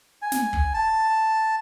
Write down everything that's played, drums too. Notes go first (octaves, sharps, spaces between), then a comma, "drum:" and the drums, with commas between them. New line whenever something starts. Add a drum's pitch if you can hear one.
G#5
drum: snare
drum: kick
A5